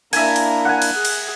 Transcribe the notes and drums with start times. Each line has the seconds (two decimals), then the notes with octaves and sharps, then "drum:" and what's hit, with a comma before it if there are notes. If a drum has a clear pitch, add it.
0.13 A#3 D4 E4 A#4 E5 G#5, drum: cymbal
0.36 drum: cymbal
0.65 F#5 G#5
0.82 drum: cymbal
0.95 G#4
1.05 drum: cymbal